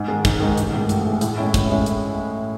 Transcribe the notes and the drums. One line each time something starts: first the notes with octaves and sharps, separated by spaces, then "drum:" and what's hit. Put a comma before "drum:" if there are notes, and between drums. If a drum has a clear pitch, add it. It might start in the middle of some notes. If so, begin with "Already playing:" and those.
Already playing: G#2
D#3 G#3 D#4
G#2, drum: kick, hi-hat
D#3 G#3 D#4
A1, drum: hi-hat
A2 G#3
A1, drum: hi-hat
A2 G#3
A2, drum: hi-hat
G#3 C#4 E4
A2, drum: kick, hi-hat
G#3 C#4 E4
drum: hi-hat